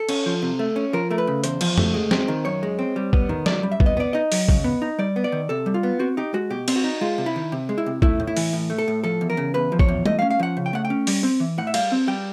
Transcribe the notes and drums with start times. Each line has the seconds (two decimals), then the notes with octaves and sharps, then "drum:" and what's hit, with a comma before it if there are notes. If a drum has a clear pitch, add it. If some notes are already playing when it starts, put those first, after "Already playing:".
Already playing: A4
0.09 C#4, drum: cymbal
0.26 F3
0.42 C3
0.59 A3
0.76 C#4
0.93 F3 A#4
1.11 A3 A#4
1.18 B4
1.27 C#3
1.44 E2 C5, drum: hi-hat
1.61 F3, drum: cymbal
1.78 A3, drum: tom
1.94 G#3
2.11 C4, drum: snare
2.28 D#3
2.45 F#2 C#5
2.63 G#3
2.79 C4
2.96 G3
3.13 B3, drum: kick
3.29 D#3
3.46 F#2 D5, drum: snare
3.63 G3
3.72 E5
3.80 B3, drum: kick
3.86 D#5
3.97 B3 D5
4.13 D#4 D#5
4.32 F#3, drum: open hi-hat
4.49 C#3, drum: kick
4.64 B3
4.82 D#4
4.99 G3 D5
5.16 B3
5.24 D5
5.32 D#3
5.49 C3 A4
5.66 G3
5.74 F4
5.83 B3
5.99 C4 F#4
6.17 D#4 G4
6.34 G#3 F#4
6.50 B2 G4
6.68 C4, drum: cymbal
6.76 F#4
6.84 D#4
7.01 G#3 F4
7.18 C3
7.26 E4
7.36 D#3
7.52 C3
7.69 G#3
7.78 E4
7.86 C3
8.02 A3 E4, drum: kick
8.20 A2
8.27 E4
8.37 E3, drum: open hi-hat
8.53 A2
8.70 A3
8.78 A4
8.88 A2
9.04 F3 A4
9.21 E2
9.30 A#4
9.37 C#3
9.54 E2 B4
9.72 F3
9.79 C#5, drum: kick
9.88 E2
10.06 A3 D#5, drum: tom
10.19 F5
10.22 C#4
10.30 F5
10.39 F3 F#5
10.57 C#3
10.66 G5
10.73 A3 F#5
10.85 G5
10.90 C#4
11.07 G3, drum: open hi-hat
11.23 C4
11.40 E3
11.58 A2 F#5
11.67 E5
11.74 G3 F5, drum: cymbal
11.92 C4
12.07 G3 G5